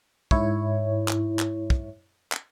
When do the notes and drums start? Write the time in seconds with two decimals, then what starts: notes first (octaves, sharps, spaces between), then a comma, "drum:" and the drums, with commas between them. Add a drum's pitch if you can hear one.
0.31 G#2 E4 C#5, drum: kick
1.08 drum: clap
1.39 drum: clap
1.70 drum: kick
2.32 drum: clap